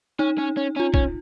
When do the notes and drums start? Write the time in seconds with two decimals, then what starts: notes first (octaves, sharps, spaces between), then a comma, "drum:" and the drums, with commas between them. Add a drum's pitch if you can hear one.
0.19 C#4 D#4
0.38 C#4
0.57 C#4
0.76 C#4 F4
0.94 C#4, drum: kick